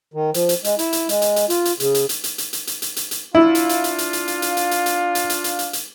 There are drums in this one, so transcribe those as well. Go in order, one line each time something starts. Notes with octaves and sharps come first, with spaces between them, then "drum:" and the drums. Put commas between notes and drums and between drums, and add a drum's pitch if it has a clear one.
D#3
F3, drum: hi-hat
drum: hi-hat
G#3, drum: hi-hat
E4, drum: hi-hat
drum: hi-hat
G#3, drum: hi-hat
drum: hi-hat
drum: hi-hat
F4, drum: hi-hat
drum: hi-hat
C#3, drum: hi-hat
drum: hi-hat
drum: hi-hat
drum: hi-hat
drum: hi-hat
drum: hi-hat
drum: hi-hat
drum: hi-hat
drum: hi-hat
drum: hi-hat
D4 E4 F4 F5
drum: hi-hat
drum: hi-hat
drum: hi-hat
drum: hi-hat
drum: hi-hat
drum: hi-hat
drum: hi-hat
drum: hi-hat
drum: hi-hat
drum: hi-hat
drum: hi-hat
drum: hi-hat
drum: hi-hat
drum: hi-hat
drum: hi-hat